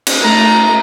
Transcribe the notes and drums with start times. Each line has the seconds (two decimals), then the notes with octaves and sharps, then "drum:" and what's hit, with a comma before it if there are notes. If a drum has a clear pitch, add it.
0.07 drum: cymbal
0.21 A3 A#5